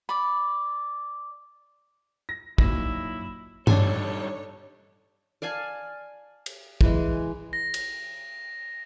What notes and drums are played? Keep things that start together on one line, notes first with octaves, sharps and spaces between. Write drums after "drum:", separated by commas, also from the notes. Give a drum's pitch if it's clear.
D5 B5
A#6
F#2 A#2 F#3 D#4 E4 A#6, drum: kick
G3 D4 D#4 A4 C#5 G#5, drum: tom G2
D5 F5 G#5 A5
drum: cymbal
E3 G#3, drum: kick
A#6
drum: cymbal